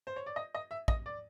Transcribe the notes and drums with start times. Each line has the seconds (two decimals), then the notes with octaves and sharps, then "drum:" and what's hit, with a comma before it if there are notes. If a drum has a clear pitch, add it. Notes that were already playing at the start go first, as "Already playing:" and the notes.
0.07 C5
0.16 C#5
0.26 D5
0.36 D#5
0.55 D#5
0.71 E5
0.88 D#5, drum: kick
1.06 D5